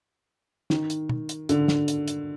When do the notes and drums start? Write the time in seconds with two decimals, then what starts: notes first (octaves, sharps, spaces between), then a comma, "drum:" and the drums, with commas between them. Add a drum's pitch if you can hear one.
0.70 D#3, drum: snare
0.90 drum: hi-hat
1.09 drum: tom
1.29 drum: hi-hat
1.49 D3, drum: hi-hat
1.68 drum: snare
1.88 drum: hi-hat
2.08 drum: hi-hat